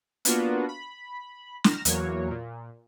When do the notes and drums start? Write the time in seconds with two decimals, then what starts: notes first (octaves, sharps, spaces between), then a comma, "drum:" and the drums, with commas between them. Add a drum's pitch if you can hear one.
0.25 A#3 B3 D4 F4 F#4 B4, drum: hi-hat
0.69 B5
1.64 F6 A#6 E7, drum: snare
1.85 E2 F#3 A#3 F#4 C#5, drum: hi-hat
2.30 A#2